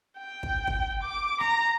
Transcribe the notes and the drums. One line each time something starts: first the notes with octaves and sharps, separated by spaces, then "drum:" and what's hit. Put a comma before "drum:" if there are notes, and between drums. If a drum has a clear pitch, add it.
G5
drum: kick
drum: kick
D6
A#5, drum: rim click